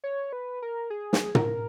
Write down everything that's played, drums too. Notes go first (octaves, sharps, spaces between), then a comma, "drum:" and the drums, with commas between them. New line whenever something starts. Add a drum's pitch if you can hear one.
C#5
B4
A#4
G#4
drum: snare
A#4, drum: tom